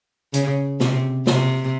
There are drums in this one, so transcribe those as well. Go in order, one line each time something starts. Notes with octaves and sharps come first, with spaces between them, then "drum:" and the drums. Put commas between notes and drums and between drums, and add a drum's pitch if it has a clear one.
C#3, drum: hi-hat
C3, drum: snare
C3, drum: snare